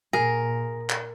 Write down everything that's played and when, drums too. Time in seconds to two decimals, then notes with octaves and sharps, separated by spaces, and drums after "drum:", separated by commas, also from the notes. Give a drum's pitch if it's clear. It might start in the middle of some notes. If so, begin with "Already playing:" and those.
0.13 A#2 G#4 A#4
0.90 drum: clap